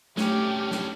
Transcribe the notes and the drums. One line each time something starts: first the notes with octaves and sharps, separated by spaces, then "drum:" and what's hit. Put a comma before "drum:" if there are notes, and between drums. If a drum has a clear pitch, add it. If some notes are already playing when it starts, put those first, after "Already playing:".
A3 C#4 D4 G4, drum: snare
drum: snare